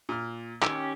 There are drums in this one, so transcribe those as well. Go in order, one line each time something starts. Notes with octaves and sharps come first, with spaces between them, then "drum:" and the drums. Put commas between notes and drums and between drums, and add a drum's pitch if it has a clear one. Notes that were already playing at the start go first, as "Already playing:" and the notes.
A#2 F6
D#3 C#4 G4 E6, drum: clap